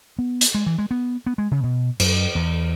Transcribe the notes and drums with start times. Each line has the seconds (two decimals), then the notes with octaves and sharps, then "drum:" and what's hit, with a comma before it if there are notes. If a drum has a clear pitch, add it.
0.19 B3
0.41 drum: hi-hat
0.55 G#3
0.66 E3
0.78 G#3
0.91 B3
1.26 B3
1.38 G#3
1.51 C#3
1.63 B2
2.00 F#2, drum: cymbal
2.35 E2